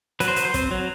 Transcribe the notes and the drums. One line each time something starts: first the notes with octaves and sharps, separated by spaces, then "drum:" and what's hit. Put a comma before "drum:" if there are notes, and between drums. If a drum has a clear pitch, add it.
F#3 B4, drum: hi-hat
C5
F#3 B4, drum: hi-hat
C5
C4, drum: kick, hi-hat
F#3